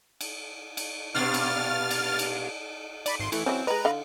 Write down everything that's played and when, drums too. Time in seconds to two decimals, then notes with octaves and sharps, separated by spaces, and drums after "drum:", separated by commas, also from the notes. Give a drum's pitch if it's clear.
0.21 drum: cymbal
0.77 drum: cymbal
1.14 G2 A#2 D4 F6 A6
1.34 drum: cymbal
1.91 drum: cymbal
2.19 drum: cymbal
3.06 D5 B5, drum: cymbal
3.20 G#1 C6
3.32 E3 A3, drum: cymbal
3.46 E3 F#3 C4 C#4
3.67 G#3 B4 D#5 A#5
3.85 D3 F5